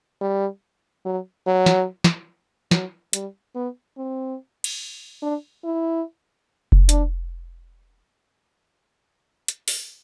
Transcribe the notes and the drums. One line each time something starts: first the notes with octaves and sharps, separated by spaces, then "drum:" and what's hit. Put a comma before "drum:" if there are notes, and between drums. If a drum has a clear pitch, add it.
G3
F#3
F#3
drum: snare
drum: snare
F#3, drum: snare
G3, drum: hi-hat
B3
C4
drum: cymbal
D4
E4
drum: kick F1
D4, drum: hi-hat
drum: hi-hat
drum: open hi-hat